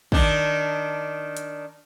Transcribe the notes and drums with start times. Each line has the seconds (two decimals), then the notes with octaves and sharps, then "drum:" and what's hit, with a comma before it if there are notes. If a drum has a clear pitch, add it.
0.12 D#3 D4, drum: kick
1.37 drum: hi-hat